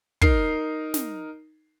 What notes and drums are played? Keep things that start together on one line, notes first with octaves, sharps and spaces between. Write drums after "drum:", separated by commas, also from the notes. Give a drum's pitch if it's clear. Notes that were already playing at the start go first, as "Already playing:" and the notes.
D#4 A#4 C7, drum: kick
drum: snare